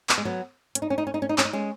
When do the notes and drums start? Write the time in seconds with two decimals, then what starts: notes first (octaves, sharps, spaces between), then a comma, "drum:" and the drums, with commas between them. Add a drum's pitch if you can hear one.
0.09 B3, drum: clap
0.18 G#3
0.25 F#3 B3
0.75 C#4, drum: hi-hat
0.82 D#4
0.90 C#4
0.98 D#4
1.07 C#4
1.14 D#4
1.22 C#4
1.29 D#4
1.38 C#4, drum: clap
1.45 D#4
1.53 G#3 C#4